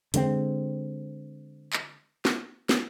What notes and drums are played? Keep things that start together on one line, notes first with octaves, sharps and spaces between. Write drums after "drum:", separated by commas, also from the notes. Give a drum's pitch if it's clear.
D3 G#3 A3 C4, drum: hi-hat
drum: clap
drum: snare
drum: snare